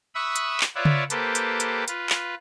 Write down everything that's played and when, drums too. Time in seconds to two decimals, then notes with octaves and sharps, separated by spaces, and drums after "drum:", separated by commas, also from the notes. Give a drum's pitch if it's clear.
0.15 E5 B5 C#6 D#6 E6 F#6
0.36 drum: hi-hat
0.60 drum: clap
0.75 F4 B4 C#5 D5 E5 F#5
0.85 drum: tom C#3
1.10 A#3 G4 A4 B4 C5, drum: hi-hat
1.35 drum: hi-hat
1.60 drum: hi-hat
1.88 F4 B4, drum: hi-hat
2.10 drum: clap